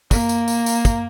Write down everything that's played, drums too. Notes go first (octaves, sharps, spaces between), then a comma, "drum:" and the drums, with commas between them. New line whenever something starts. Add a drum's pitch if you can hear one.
A#3, drum: kick, tambourine
drum: tambourine
drum: tambourine
drum: tambourine
drum: kick, tambourine